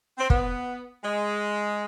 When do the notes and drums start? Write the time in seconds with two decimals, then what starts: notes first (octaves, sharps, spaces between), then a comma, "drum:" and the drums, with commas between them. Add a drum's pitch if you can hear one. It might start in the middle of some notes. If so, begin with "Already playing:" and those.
0.18 C4
0.30 B3, drum: kick
1.04 G#3